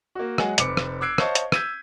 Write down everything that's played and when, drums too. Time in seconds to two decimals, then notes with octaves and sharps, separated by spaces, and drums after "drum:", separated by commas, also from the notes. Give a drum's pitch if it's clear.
0.15 A#3 F#4
0.38 F#3 G#3 G#4 F#5, drum: rim click
0.58 F1 C4 B4 D6 C#7, drum: hi-hat
0.77 drum: rim click
1.01 D6 E6 F#6 G#6 C7 D7
1.18 C5 C#5 D#5 F5 A5 C#6, drum: rim click
1.35 drum: hi-hat
1.52 E6 G6 G#6 B6 D#7, drum: rim click